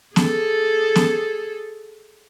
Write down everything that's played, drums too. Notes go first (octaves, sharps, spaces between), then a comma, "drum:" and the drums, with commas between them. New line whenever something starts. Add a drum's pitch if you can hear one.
G#4 A4, drum: snare
drum: snare